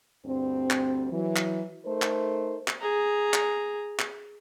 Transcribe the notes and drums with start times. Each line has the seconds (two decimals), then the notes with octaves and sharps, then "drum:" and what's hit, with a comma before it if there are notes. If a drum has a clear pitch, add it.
0.25 D2 G2 G3 C4
0.70 drum: clap
1.12 E3 F#3
1.36 drum: clap
1.86 A3 D#4 A4 A#4 C5
2.02 drum: clap
2.68 drum: clap
2.81 G#4 A#5
3.34 drum: clap
3.99 drum: clap